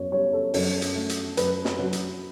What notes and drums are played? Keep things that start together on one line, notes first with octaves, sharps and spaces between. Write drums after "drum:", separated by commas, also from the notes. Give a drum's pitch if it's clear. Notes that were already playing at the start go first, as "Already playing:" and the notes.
Already playing: F#2 B3 C#5
G3 C#5
A4
F#2 A4, drum: open hi-hat
drum: hi-hat
A3
drum: hi-hat
F#2 B4, drum: hi-hat
drum: snare
F#3
drum: hi-hat